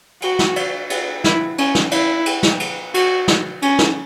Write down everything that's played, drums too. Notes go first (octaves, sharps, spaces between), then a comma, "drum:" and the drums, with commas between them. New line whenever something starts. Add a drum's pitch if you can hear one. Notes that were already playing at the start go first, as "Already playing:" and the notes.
F#4, drum: cymbal
drum: snare
drum: cymbal
drum: cymbal
E4, drum: snare
C#4, drum: cymbal
drum: snare
E4, drum: cymbal
drum: cymbal
drum: snare
drum: cymbal
F#4, drum: cymbal
drum: snare
C#4, drum: cymbal
drum: snare